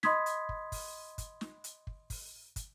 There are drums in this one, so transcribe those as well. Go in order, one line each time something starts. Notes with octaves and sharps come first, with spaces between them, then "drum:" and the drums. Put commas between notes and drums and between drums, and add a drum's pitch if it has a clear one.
D#5 B5 C6 D#6 G#6 B6, drum: snare
drum: hi-hat
drum: kick
drum: kick, open hi-hat
drum: kick, hi-hat
drum: snare
drum: hi-hat
drum: kick
drum: kick, open hi-hat
drum: kick, hi-hat